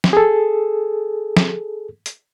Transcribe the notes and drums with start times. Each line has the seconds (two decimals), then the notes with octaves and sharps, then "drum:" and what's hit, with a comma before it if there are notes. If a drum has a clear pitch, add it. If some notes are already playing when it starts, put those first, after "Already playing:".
0.04 drum: snare
0.13 G#4 A4
1.37 drum: snare
2.06 drum: hi-hat